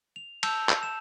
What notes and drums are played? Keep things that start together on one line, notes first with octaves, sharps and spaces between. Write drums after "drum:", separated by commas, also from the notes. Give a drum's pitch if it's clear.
F7
A5 E6 G6 F7, drum: cymbal
drum: clap
E7